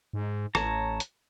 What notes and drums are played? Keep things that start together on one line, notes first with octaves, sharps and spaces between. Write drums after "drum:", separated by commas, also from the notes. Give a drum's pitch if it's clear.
G#2
A1 C#5 A5 A#5, drum: rim click
drum: hi-hat